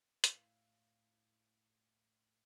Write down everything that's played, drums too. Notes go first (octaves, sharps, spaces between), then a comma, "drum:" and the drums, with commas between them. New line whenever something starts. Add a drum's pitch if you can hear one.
A2 E4 F5, drum: hi-hat